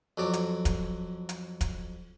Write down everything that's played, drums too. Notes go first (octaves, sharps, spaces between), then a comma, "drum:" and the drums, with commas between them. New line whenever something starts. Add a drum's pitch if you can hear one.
F2 F#3 D5 A5
drum: hi-hat
drum: kick, hi-hat
drum: hi-hat
drum: kick, hi-hat